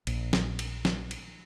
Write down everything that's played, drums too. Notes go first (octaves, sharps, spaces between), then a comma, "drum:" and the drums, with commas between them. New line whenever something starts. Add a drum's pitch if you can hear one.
A#1, drum: cymbal
drum: snare
drum: cymbal
drum: snare
drum: cymbal